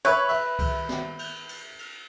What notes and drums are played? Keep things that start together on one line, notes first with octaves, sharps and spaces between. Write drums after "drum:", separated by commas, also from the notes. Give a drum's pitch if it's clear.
B4 C#5 E5
E5, drum: cymbal
drum: kick C2, cymbal
drum: snare
drum: cymbal
drum: cymbal
drum: cymbal